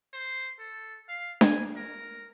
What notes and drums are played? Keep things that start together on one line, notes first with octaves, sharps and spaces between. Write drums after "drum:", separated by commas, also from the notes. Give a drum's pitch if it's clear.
C5
A4
F5
G#5, drum: snare D4
A#4